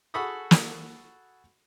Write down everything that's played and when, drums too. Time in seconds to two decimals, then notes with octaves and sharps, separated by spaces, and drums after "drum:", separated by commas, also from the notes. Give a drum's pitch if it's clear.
0.14 F#4 G#4 A4 B5 C#6 D#6
0.51 drum: snare